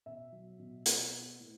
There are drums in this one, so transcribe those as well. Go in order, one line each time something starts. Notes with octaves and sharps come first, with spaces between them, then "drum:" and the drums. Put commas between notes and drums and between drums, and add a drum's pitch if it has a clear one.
B2 E5
F#3
B2
B3, drum: hi-hat
B3
A2